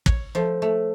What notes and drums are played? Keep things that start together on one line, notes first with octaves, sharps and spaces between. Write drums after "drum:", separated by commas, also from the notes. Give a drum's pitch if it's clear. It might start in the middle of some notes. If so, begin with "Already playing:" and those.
C#5, drum: kick
F3 A3
A3